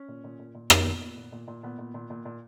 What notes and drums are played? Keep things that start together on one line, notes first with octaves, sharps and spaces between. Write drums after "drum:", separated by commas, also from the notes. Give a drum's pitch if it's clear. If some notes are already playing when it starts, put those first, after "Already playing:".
Already playing: C#4
A#2
A#2
A#2
A#2
A#2 B3, drum: rim click
A#2
A#2
A#2
A#2
A#2
A#2 B3
A#2
A#2
A#2
A#2